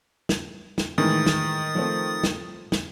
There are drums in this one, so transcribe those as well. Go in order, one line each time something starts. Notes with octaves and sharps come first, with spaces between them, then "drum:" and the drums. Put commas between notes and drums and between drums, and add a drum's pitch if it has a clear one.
drum: snare
drum: snare
A2 D#3 E3 G#3 D#6 A6
drum: snare
F3 A3 C4
drum: snare
drum: snare